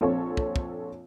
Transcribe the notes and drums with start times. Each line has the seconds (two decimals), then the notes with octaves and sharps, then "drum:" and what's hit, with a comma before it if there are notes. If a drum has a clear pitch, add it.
0.01 A#1 C4 A4 C#5
0.37 drum: kick
0.56 drum: kick